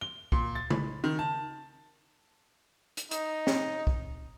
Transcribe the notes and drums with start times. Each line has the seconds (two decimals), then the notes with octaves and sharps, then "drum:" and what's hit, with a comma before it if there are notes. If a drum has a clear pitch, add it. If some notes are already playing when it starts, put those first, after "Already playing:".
0.01 G7
0.32 A#2, drum: kick
0.55 A6
0.70 B5, drum: tom C#3
1.04 D#3
1.19 A5
2.97 drum: hi-hat
3.11 D#4, drum: hi-hat
3.47 drum: snare C4
3.87 drum: kick